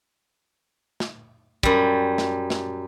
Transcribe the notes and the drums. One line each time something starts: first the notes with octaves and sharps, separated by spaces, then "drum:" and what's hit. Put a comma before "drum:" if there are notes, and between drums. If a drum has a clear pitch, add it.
drum: snare
F#2 G3, drum: kick
drum: snare
drum: snare